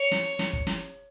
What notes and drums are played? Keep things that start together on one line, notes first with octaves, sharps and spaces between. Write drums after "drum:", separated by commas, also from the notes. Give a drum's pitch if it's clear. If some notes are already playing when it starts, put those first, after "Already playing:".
Already playing: C#5
drum: snare
drum: snare
drum: kick
drum: snare